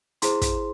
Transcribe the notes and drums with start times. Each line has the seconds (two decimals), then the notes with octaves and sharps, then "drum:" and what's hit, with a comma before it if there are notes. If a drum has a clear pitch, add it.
0.22 E4 G#4 C5 C6, drum: hi-hat
0.42 drum: kick, hi-hat